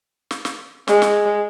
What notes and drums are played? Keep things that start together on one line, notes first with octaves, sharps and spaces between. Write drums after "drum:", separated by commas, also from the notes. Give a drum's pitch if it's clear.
drum: snare
drum: snare
G#3, drum: snare
drum: snare